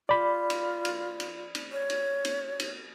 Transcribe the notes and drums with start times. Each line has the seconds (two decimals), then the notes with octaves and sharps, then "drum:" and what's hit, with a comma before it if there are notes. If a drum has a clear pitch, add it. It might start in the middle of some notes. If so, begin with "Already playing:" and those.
0.09 F4 D5 B5
0.50 drum: cymbal
0.85 drum: cymbal
1.20 drum: cymbal
1.55 drum: cymbal
1.72 C#5
1.90 drum: cymbal
2.25 drum: cymbal
2.59 drum: cymbal